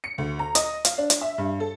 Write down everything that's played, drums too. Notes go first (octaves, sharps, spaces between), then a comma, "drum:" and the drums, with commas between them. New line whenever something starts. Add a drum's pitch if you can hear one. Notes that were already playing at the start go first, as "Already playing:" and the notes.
C#7
D2
A#5
D#5, drum: hi-hat
F5, drum: hi-hat
D4
drum: hi-hat
E5
G2
A4